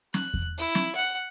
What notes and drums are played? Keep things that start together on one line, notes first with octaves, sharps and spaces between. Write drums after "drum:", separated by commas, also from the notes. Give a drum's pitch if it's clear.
F#6, drum: snare
drum: kick E2
E4
drum: snare
F#5